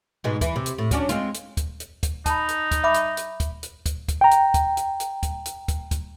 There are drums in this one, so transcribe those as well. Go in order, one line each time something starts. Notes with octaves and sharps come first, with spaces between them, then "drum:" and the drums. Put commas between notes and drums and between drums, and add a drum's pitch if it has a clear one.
G#2 B2 G#3
E3, drum: kick, hi-hat
C3
drum: hi-hat
A2
F#3 C#4 D4, drum: kick, hi-hat
G#3 C4 F4, drum: hi-hat
drum: hi-hat
drum: kick, hi-hat
drum: hi-hat
drum: kick, hi-hat
D#4 A5 B5, drum: kick, hi-hat
drum: hi-hat
drum: kick, hi-hat
E5 B5 D6
drum: hi-hat
drum: hi-hat
drum: kick, hi-hat
drum: hi-hat
drum: kick, hi-hat
drum: kick, hi-hat
G5 A#5
drum: hi-hat
drum: kick, hi-hat
drum: hi-hat
drum: hi-hat
drum: kick, hi-hat
drum: hi-hat
drum: kick, hi-hat
drum: kick, hi-hat